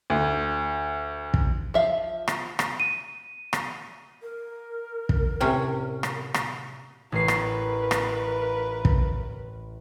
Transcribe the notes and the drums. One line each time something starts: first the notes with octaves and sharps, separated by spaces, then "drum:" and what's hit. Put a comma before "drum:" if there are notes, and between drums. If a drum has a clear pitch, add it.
D2
drum: kick
F3 E5 F5
drum: rim click
drum: rim click
D#7
drum: rim click
A#4
drum: kick
A2 C3 C#4
drum: rim click
drum: rim click
A1 A#4 B4 C7
drum: rim click
drum: rim click
drum: kick